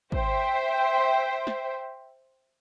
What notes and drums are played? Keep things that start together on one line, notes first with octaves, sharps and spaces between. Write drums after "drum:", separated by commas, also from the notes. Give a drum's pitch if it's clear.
C5 E5 G5, drum: kick
drum: snare